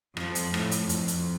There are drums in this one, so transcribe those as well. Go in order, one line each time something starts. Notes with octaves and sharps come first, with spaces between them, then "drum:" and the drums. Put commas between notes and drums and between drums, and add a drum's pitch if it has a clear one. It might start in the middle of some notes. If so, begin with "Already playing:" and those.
F2 F3, drum: rim click
drum: hi-hat
A2, drum: rim click
drum: hi-hat
F2, drum: hi-hat
drum: hi-hat